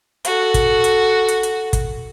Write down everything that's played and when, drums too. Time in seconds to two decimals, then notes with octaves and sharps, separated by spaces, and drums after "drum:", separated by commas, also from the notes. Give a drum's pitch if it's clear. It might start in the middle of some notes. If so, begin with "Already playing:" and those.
0.25 F#4 A4, drum: hi-hat
0.54 drum: kick, hi-hat
0.84 drum: hi-hat
1.28 drum: hi-hat
1.43 drum: hi-hat
1.73 drum: kick, hi-hat